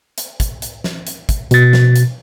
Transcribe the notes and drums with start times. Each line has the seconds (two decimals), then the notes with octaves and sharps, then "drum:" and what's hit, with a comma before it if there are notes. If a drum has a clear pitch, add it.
0.18 drum: hi-hat
0.40 drum: kick, hi-hat
0.62 drum: hi-hat
0.84 drum: snare
1.07 drum: hi-hat
1.29 drum: kick, hi-hat
1.51 B2 A6, drum: hi-hat
1.73 drum: snare
1.96 drum: hi-hat